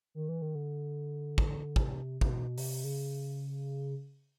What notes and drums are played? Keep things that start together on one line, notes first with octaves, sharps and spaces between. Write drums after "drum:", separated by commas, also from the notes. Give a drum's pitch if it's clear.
D#3
E3
D#3
D3
drum: kick
C3, drum: kick
C3, drum: kick
B2
C3, drum: open hi-hat
C#3